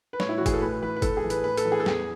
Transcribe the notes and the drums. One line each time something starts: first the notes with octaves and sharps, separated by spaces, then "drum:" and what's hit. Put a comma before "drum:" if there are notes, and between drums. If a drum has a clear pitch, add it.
B4
A2 C#5, drum: snare
E4
F#4
E3
G#4, drum: kick, hi-hat
A4
A2 B4
E3 B4
B4
A2 A4, drum: kick, hi-hat
G#4
E3
B4, drum: hi-hat
A2 B4
A4, drum: hi-hat
E3
G#4
A4
E2 G#4, drum: snare